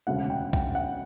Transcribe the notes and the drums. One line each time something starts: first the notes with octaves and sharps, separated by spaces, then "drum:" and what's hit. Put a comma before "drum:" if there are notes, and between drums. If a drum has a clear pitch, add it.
E1 D2 C#3 F#5
G5
G5, drum: kick
F#5